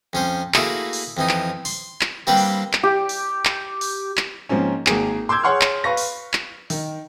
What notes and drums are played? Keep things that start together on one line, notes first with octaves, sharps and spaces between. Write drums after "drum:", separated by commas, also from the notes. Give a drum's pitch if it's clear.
F2 C#4 C5
A3 A#3 E4 F#4 G#4, drum: clap
drum: open hi-hat
F2 E3 D#4
drum: clap
C6, drum: open hi-hat
drum: clap
G3 A#3 C4 D4 B4 F#5
drum: open hi-hat
drum: clap
G4
drum: open hi-hat
drum: clap
drum: open hi-hat
drum: clap
G#2 F3 A#3 C4 C#4
G#1 A#3 G#4, drum: clap
C6 D6 E6 G6 G#6
G#4 C#5 F#5 C6 C#6 F6
drum: clap
B4 F5 C#6 A#6
drum: open hi-hat
drum: clap
D#3, drum: open hi-hat